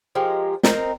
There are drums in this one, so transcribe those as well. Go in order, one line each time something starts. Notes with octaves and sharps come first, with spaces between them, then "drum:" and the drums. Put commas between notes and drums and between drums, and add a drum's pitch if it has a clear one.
F3 G#3 G4 A#4
C4 D#4 A#4, drum: snare